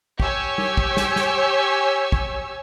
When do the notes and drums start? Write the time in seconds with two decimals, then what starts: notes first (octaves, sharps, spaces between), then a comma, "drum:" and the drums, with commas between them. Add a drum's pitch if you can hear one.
0.20 G4 C#5 G#5 E6, drum: kick
0.58 drum: tom G3
0.77 drum: kick
0.97 drum: snare
1.16 drum: snare
2.12 drum: kick